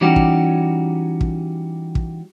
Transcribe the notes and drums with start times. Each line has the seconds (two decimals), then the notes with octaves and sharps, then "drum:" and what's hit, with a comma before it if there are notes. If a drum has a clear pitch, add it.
0.01 E3 G3 C#4 D#4 F#4 G4
0.16 drum: kick
1.21 drum: kick
1.95 drum: kick